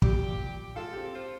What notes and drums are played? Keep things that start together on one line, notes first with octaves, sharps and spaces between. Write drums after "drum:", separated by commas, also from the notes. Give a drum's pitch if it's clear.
A#2 G3 G4, drum: kick
G#3 F4 A4
C4 G4
F4 C5